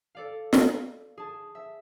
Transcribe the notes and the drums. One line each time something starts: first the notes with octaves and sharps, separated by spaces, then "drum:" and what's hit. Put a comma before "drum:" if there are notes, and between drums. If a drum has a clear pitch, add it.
A4 D5 F5
drum: snare
G#4 A5
E5